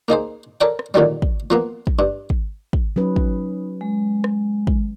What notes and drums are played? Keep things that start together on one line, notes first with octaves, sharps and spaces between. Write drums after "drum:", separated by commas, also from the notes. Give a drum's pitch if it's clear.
A#3 D#4 G#4 C5
A4 A#4 C#5 D5 G5
drum: rim click
A#2 D3 D#3 F#3 G3
drum: kick
F3 A#3 B3
drum: kick
G2
drum: kick
drum: kick
F#3 C#4 D#4 B4
drum: kick
G#3
drum: rim click
drum: kick